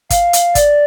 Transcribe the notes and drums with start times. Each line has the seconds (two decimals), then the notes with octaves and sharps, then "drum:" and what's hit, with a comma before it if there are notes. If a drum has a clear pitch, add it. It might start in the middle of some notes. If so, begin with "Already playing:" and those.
0.10 F5, drum: kick G#1, hi-hat
0.33 drum: hi-hat
0.55 D5, drum: kick G#1, hi-hat